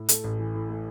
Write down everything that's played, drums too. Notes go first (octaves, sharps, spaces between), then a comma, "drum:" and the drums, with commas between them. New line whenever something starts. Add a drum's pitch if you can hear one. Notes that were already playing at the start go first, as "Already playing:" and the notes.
Already playing: A2
A3, drum: hi-hat
A1
E3
A2
A3